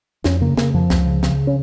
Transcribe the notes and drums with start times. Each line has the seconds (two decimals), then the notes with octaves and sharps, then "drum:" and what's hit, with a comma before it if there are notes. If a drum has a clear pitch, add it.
0.24 F2 C#4, drum: snare
0.41 C#3 A#3
0.57 C#3 A#3, drum: snare
0.74 F2 F3
0.90 C#2, drum: snare
1.06 C#3
1.23 C#3, drum: snare
1.47 C#4